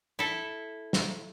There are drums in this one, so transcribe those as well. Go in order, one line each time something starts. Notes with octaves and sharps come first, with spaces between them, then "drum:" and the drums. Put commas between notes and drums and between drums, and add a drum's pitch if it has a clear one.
E4 A4
drum: snare